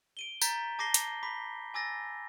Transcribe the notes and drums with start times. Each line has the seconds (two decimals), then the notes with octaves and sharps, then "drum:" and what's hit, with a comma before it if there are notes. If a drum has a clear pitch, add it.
0.17 D7 D#7 G7
0.42 A#5 G6 A6 B6, drum: tambourine
0.79 A5 D6 A#6 C7 G7
0.94 drum: hi-hat
1.23 B5 D6 B6
1.74 G#5 D6 E6 A6 A#6